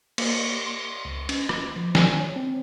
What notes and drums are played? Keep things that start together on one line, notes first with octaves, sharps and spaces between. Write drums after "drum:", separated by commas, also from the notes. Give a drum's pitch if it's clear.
A#3, drum: cymbal
C6
C#2
C#4, drum: cymbal
D6, drum: rim click
F3
G#5, drum: snare
C#5
C4